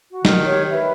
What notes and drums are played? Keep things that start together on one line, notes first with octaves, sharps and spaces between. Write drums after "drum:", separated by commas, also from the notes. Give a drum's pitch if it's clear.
F#4
D#3, drum: snare
G4 C#5
B4 E5